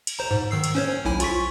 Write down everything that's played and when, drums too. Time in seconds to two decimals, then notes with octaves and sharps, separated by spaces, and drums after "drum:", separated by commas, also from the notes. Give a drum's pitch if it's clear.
0.07 drum: cymbal
0.19 C5 A#5
0.31 G#2
0.51 D#3 E6 C7
0.64 drum: cymbal
0.75 C#4 C5 C#5
1.05 B1 E4 G#5
1.20 F4 C#6 B6, drum: cymbal